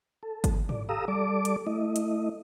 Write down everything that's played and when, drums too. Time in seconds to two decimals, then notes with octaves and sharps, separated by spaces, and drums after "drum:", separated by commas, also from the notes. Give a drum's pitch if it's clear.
0.23 A4
0.44 drum: kick, hi-hat
0.69 D5, drum: tom G#2
0.89 G4 A4 F5 A#5 D#6 E6
1.08 G3 A4 D5 D6
1.45 drum: hi-hat
1.67 A3 E4 D#5
1.96 drum: hi-hat